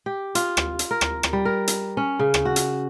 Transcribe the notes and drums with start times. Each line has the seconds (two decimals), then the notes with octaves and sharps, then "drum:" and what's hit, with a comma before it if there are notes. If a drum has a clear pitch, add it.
0.06 G4
0.35 F4, drum: hi-hat
0.57 drum: rim click
0.79 drum: hi-hat
0.91 A#4
1.01 drum: rim click
1.23 drum: rim click
1.33 G3
1.45 A#4
1.68 drum: hi-hat
1.97 C#4
2.19 C#3
2.34 drum: rim click
2.45 F#4
2.56 drum: hi-hat